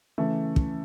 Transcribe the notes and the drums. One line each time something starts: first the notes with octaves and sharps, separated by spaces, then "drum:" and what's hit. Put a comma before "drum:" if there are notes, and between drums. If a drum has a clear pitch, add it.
C#3 E3 A3
drum: kick